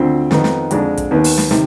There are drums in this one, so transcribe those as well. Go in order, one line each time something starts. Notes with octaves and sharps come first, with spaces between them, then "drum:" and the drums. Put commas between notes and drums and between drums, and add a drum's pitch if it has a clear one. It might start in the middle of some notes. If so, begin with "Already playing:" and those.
Already playing: D2 D3 F3 C4
F2 D#3 B3 D#4, drum: snare
drum: snare
F2 D3 G#3 D4, drum: hi-hat
drum: kick, hi-hat
D#2 D#3 B3
drum: open hi-hat
drum: snare
C3 D#3, drum: snare